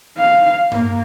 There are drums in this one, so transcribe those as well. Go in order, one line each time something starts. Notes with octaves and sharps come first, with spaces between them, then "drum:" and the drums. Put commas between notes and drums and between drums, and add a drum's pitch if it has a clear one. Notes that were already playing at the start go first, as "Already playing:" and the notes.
F5
A#3, drum: tom G2